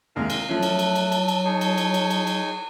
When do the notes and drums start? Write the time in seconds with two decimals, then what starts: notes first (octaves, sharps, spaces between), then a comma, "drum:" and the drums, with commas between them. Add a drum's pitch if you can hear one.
0.16 D#2 C3 G#3 A#4 F5 A#5
0.30 drum: cymbal
0.49 F3 F#3 A3 C#4 A5 F#6
0.63 drum: cymbal
0.79 drum: cymbal
0.95 drum: cymbal
1.12 drum: cymbal
1.28 drum: cymbal
1.45 D#4 G#4 C#5
1.61 drum: cymbal
1.78 drum: cymbal
1.94 drum: cymbal
2.11 drum: cymbal
2.27 drum: cymbal